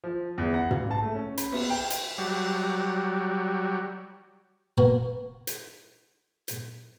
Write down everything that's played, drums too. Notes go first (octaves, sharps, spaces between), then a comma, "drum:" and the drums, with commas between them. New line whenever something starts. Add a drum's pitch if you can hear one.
F3
E2
F#5
F5, drum: tom
A5
A3
C#4
B5, drum: hi-hat
B3, drum: cymbal
G5
drum: hi-hat
F#3 G3
A#3 B3 F#4 B4
drum: hi-hat
drum: hi-hat